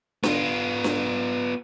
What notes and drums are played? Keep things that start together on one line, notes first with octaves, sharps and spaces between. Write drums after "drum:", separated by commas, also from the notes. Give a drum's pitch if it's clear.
B3 F4, drum: snare D4
drum: snare D4